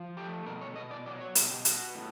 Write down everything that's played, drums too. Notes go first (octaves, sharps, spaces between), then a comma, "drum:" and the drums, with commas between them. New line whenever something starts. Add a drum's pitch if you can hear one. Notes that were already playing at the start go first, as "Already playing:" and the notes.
Already playing: F3
A3 G4
B2 A#4
C#5
B2 D#5
D5
F#3 D5
C#5
B2 B4, drum: hi-hat
G4
B3 F#4, drum: hi-hat
A2